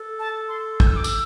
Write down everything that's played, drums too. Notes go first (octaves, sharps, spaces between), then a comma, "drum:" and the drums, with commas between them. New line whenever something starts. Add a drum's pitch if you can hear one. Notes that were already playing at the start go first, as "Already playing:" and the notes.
Already playing: A4
A5
C6
G6, drum: kick
E6
D6
E6, drum: tambourine